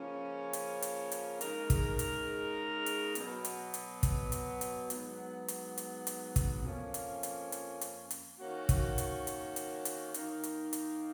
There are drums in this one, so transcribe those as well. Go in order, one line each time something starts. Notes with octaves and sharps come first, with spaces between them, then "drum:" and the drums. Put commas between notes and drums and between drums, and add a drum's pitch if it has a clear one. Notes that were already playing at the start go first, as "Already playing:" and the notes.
Already playing: C#3 F3 A#3 C#4
drum: hi-hat
drum: hi-hat
drum: hi-hat
C#3 G#3 D#4 A#4, drum: hi-hat
drum: kick, hi-hat
drum: hi-hat
drum: hi-hat
B2 F#3 B3, drum: hi-hat
drum: hi-hat
drum: hi-hat
drum: kick, hi-hat
drum: hi-hat
drum: hi-hat
G#2 F#3 B3, drum: hi-hat
drum: hi-hat
drum: hi-hat
drum: hi-hat
drum: kick, hi-hat
F2 F3 A#3 C#4
drum: hi-hat
drum: hi-hat
drum: hi-hat
drum: hi-hat
drum: hi-hat
D#3 A#3 C#4 F#4
drum: kick, hi-hat
drum: hi-hat
drum: hi-hat
drum: hi-hat
drum: hi-hat
D#3 A#3 D#4, drum: hi-hat
drum: hi-hat
drum: hi-hat